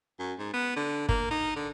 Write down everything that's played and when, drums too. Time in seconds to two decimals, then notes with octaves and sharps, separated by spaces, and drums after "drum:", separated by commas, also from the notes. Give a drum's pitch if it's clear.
0.19 F#2
0.39 G#2
0.54 B3
0.76 D3
1.09 A#3, drum: kick G1
1.31 D#4
1.56 D3